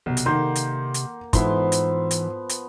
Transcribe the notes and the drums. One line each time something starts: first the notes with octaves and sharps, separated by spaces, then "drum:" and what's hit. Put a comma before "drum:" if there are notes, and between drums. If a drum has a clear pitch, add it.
B1 C3
drum: hi-hat
D#3 A#3 F#5 C6 G6
drum: hi-hat
drum: hi-hat
G#2 E3 F3 B3 E4 C6, drum: kick, hi-hat
drum: hi-hat
drum: hi-hat
drum: hi-hat